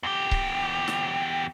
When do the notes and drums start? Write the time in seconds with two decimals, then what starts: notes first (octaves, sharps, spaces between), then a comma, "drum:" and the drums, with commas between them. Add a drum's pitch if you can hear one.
0.03 E2 G4
0.31 drum: kick C#1
0.88 drum: snare